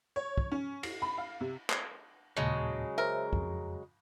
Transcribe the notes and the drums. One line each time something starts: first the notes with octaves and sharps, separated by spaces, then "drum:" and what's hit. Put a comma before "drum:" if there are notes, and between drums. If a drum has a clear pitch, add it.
C#5
drum: kick
C#4
C7, drum: cymbal
B5
F5
C3
drum: clap
D#2 A#2 C#3 F#3 G#3 A5
A#4 C5 E5
F2, drum: kick